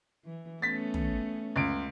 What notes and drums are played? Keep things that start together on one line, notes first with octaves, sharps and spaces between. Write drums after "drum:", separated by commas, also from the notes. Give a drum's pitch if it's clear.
E3
A3 B3 C#4 A6 B6
drum: tom
C#2 D7